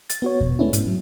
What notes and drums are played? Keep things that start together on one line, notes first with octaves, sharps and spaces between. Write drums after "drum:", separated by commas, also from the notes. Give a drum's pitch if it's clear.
A6, drum: hi-hat
B3 F#4 C#5
B2, drum: kick E2
G#3 A3 B3 C#4 D4 E4
G#2, drum: hi-hat
F#3